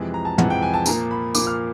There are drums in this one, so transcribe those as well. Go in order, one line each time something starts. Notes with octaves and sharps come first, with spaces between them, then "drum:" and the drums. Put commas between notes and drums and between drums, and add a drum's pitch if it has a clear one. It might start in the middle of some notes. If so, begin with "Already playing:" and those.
Already playing: F2 C3 E3 G#3
A#5
A5
F2 C3 E3 G#3 F#5, drum: tom
G5
G#5
A5
A#2 F3 A#3 A#5, drum: tambourine
B5
A#2 F3 A#3 D6, drum: tambourine
F6